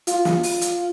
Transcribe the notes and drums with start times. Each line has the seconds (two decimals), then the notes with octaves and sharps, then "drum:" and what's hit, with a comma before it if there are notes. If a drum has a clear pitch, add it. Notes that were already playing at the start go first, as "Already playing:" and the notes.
0.07 F4, drum: hi-hat
0.25 drum: snare
0.43 drum: open hi-hat
0.61 drum: hi-hat